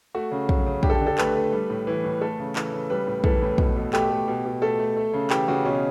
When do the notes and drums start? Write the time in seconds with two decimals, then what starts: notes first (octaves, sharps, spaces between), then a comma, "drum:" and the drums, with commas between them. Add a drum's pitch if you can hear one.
0.15 A3 F#4
0.31 C#3
0.49 F#3, drum: kick
0.66 C#3
0.83 D3 G4, drum: kick
0.90 A4
0.95 G4
1.01 D3
1.07 A4
1.18 A3 B4, drum: clap
1.35 A3
1.52 G3
1.70 A2
1.87 E3
2.04 A2
2.21 A3 A4
2.39 C#3
2.56 E3, drum: clap
2.73 C#3
2.90 G3 B4
3.07 A2
3.24 E3 A4, drum: kick
3.42 A2
3.58 B2, drum: kick
3.76 B2
3.93 A3 G4, drum: clap
4.10 A3
4.28 B2
4.45 B2
4.62 A3 A4
4.79 A3
4.97 A3
5.13 C#3
5.30 E3 G4, drum: clap
5.48 C#3 F#4
5.65 B2 C#4